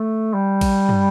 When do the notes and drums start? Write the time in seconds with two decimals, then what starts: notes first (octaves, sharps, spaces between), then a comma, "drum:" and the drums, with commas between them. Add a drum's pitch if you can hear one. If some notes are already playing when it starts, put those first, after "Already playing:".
Already playing: A3
0.34 G3
0.61 drum: kick A1, cymbal
0.89 drum: tom